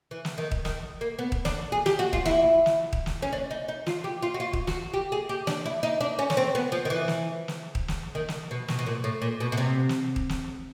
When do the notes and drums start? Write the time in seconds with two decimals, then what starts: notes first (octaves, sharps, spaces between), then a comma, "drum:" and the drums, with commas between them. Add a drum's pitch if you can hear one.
0.11 E3
0.25 drum: snare
0.38 D#3
0.51 drum: kick D#1
0.65 D#3, drum: snare
1.01 A#3
1.19 B3
1.32 drum: kick D#1
1.45 D4, drum: snare
1.72 G#4
1.86 G4, drum: snare
1.99 F#4
2.13 F4, drum: kick D#1
2.26 E4, drum: snare
2.66 drum: snare
2.93 drum: kick D#1
3.06 drum: snare
3.22 C#4
3.33 D4
3.51 D#4
3.68 D#4
3.86 F4, drum: snare
4.04 G4
4.22 F4
4.34 F#4
4.40 F4
4.53 drum: kick D#1
4.67 F#4, drum: snare
4.94 G4
5.12 G#4
5.29 G4
5.47 D4, drum: snare
5.66 E4
5.83 D#4
6.01 D4
6.19 C#4
6.30 C#4, drum: snare
6.37 C4
6.55 B3
6.72 F3
6.85 D#3
6.90 E3
7.08 drum: snare
7.48 drum: snare
7.75 drum: kick D#1
7.88 drum: snare
8.15 D#3
8.28 drum: snare
8.51 B2
8.68 B2, drum: snare
8.79 B2
8.86 A#2
9.04 A2
9.22 A#2
9.40 B2
9.52 B2
9.57 C3
9.89 drum: snare
10.16 drum: kick D#1
10.29 drum: snare